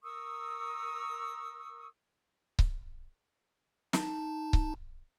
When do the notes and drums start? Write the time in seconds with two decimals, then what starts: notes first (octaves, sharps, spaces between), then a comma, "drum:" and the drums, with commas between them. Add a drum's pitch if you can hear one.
0.03 A#4 C#6 D#6 E6
2.59 drum: kick C#1
3.93 D#4 A5, drum: snare
4.53 drum: kick C#1